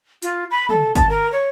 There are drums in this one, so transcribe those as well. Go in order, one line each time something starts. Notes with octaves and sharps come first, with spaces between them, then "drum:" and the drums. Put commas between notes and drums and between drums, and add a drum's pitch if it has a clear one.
F4, drum: hi-hat
B5
A4, drum: tom
A5, drum: kick, hi-hat
A#4
C#5